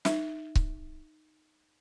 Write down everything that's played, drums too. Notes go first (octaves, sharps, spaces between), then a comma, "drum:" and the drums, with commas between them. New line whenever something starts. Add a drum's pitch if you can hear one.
D#4 E5, drum: snare
drum: kick C#1